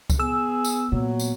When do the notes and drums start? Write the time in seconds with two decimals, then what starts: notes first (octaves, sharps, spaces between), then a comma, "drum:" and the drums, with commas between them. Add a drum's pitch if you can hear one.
0.10 drum: kick C#2, tambourine
0.20 B3 G#4 E6
0.65 drum: tambourine
0.92 A#2 F#3
1.20 drum: tambourine